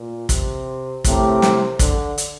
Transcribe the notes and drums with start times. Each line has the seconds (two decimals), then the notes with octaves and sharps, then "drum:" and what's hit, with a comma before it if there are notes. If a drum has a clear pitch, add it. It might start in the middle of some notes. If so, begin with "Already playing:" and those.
Already playing: A#2
0.29 C3, drum: kick, hi-hat
1.04 A2 C3 A3 C4 G4 A#4, drum: kick, hi-hat
1.42 drum: snare
1.79 D3, drum: kick, hi-hat
2.18 drum: hi-hat